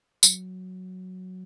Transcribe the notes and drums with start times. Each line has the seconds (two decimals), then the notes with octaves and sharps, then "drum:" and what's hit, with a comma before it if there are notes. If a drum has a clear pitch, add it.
0.23 F#3, drum: tambourine